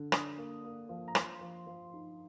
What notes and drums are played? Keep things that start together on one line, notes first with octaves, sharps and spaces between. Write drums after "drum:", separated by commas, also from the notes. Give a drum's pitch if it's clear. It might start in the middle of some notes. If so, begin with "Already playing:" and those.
Already playing: D3
D4 D#6, drum: rim click
A#3
A#3
F3
A#5
F3 C6, drum: rim click
F3
F3
D#4